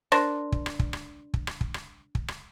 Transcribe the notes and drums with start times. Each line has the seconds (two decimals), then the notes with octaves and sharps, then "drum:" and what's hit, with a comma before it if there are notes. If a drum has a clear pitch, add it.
0.12 D4 A#4 C5, drum: rim click
0.52 drum: kick
0.66 drum: rim click
0.79 drum: kick
0.93 drum: rim click
1.34 drum: kick
1.47 drum: rim click
1.61 drum: kick
1.74 drum: rim click
2.15 drum: kick
2.28 drum: rim click